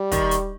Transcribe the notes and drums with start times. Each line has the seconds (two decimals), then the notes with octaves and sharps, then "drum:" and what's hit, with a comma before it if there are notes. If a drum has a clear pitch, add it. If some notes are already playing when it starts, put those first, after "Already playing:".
Already playing: G3
0.12 D#3, drum: kick, hi-hat
0.31 drum: hi-hat